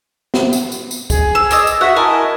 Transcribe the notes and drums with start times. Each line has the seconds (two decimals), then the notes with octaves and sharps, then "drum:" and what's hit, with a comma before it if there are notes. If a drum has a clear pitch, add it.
0.34 drum: snare
0.53 drum: tambourine
0.72 drum: tambourine
0.91 drum: tambourine
1.10 G#4, drum: kick, tambourine
1.35 E6
1.51 D5 D#5 E6, drum: tambourine
1.67 drum: tambourine
1.81 F#4 E5 F#5
1.96 E4 A#4 D#5 G#5 A5